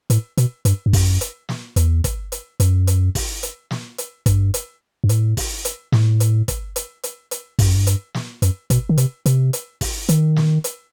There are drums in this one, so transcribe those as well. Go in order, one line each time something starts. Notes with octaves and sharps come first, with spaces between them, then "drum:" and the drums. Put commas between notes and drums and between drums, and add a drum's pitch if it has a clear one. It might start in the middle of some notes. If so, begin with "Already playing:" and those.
A2, drum: hi-hat
B2, drum: hi-hat
G2, drum: hi-hat
G2
F#2, drum: kick, open hi-hat
drum: hi-hat
drum: snare
E2, drum: hi-hat
drum: kick, hi-hat
drum: hi-hat
F#2, drum: hi-hat
drum: hi-hat
drum: kick, open hi-hat
drum: hi-hat
drum: snare
drum: hi-hat
G2, drum: kick, hi-hat
drum: hi-hat
G2
A2, drum: hi-hat
drum: kick, open hi-hat
drum: hi-hat
A2, drum: snare
drum: hi-hat
drum: kick, hi-hat
drum: hi-hat
drum: hi-hat
drum: hi-hat
G2, drum: kick, open hi-hat
F#2
G2
drum: hi-hat
drum: snare
F#2, drum: hi-hat
B2, drum: kick, hi-hat
D#3
C3, drum: hi-hat
C3, drum: hi-hat
drum: hi-hat
drum: kick, open hi-hat
D#3, drum: hi-hat
drum: snare
drum: hi-hat